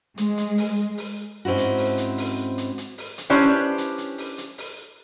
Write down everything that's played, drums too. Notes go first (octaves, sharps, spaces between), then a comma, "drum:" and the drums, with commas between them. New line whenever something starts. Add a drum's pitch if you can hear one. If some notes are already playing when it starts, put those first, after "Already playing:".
G#3, drum: hi-hat
drum: hi-hat
drum: open hi-hat
drum: open hi-hat
G#2 C4 C#4 E4 F#4
drum: hi-hat
drum: open hi-hat
drum: hi-hat
drum: open hi-hat
drum: hi-hat
drum: hi-hat
drum: open hi-hat
drum: hi-hat
C#4 D4 E4 G4 B4 C5
drum: hi-hat
drum: hi-hat
drum: open hi-hat
drum: hi-hat
drum: open hi-hat